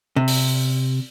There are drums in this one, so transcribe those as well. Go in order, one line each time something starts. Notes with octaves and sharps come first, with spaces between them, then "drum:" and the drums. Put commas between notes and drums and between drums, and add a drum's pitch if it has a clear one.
C3
drum: open hi-hat